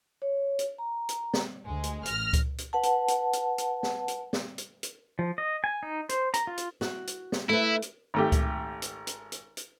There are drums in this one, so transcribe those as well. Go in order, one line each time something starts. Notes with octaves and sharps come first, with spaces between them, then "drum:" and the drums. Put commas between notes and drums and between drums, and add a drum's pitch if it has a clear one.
C#5
drum: hi-hat
A#5
drum: hi-hat
drum: snare
D2 G#3
drum: hi-hat
A1 F6 A#6, drum: hi-hat
drum: kick C#2, hi-hat
drum: hi-hat
B4 F#5 A5
drum: hi-hat
drum: hi-hat
drum: hi-hat
drum: hi-hat
drum: snare
drum: hi-hat
drum: snare
drum: hi-hat
drum: hi-hat
F3
D#5
G#5
D#4
C5, drum: hi-hat
A#5, drum: hi-hat
F4
drum: hi-hat
F#4, drum: snare
drum: hi-hat
drum: snare
A3 E4 B4
drum: hi-hat
G#1 A3 G4
drum: kick C#2, hi-hat
drum: hi-hat
drum: hi-hat
drum: hi-hat
drum: hi-hat